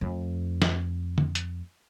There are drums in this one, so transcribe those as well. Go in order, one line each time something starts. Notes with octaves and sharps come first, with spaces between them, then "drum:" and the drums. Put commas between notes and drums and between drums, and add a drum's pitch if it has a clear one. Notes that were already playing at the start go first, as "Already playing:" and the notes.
F2 A3
drum: snare
drum: tom
drum: hi-hat